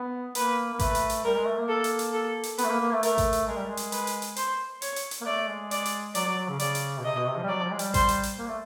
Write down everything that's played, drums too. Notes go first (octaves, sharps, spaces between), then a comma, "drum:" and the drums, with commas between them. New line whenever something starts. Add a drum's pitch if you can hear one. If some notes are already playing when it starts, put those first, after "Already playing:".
Already playing: B3
A#3 B4, drum: hi-hat
A#3
A3 B4, drum: kick A1, hi-hat
drum: hi-hat
drum: hi-hat
G3 A#4
G#3
A3
A#3
A4
drum: hi-hat
drum: hi-hat
A4
drum: hi-hat
B3 B4, drum: hi-hat
A3
A#3
A#3
A3
A3 A#4, drum: hi-hat
drum: kick A1, hi-hat
drum: hi-hat
G#3 A#4
G3
G#3
drum: hi-hat
B4, drum: hi-hat
drum: hi-hat
drum: hi-hat
C5, drum: hi-hat
C#5, drum: hi-hat
drum: hi-hat
drum: hi-hat
A#3
A3 D5
G#3
D5, drum: hi-hat
drum: hi-hat
F#3 D5, drum: hi-hat
F#3
F#3
C#3
C#3 D5, drum: hi-hat
drum: hi-hat
B2
C3 D#5
B2
C3
F3
G3
F#3 D5
F3
G#3
G3, drum: hi-hat
C5, drum: kick A1, hi-hat
drum: hi-hat
drum: hi-hat
A#3
A3